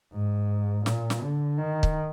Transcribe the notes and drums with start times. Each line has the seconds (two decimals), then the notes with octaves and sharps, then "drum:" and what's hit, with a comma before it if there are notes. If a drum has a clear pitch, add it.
0.13 G#2
0.86 A#2, drum: snare
1.10 drum: snare
1.22 D3
1.58 D#3
1.83 drum: kick